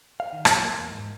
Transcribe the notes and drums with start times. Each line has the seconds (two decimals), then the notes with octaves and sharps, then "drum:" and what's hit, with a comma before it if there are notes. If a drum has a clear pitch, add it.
0.20 F5
0.33 D#3
0.45 F#3, drum: rim click
0.65 A#3
0.77 E2
0.91 G#2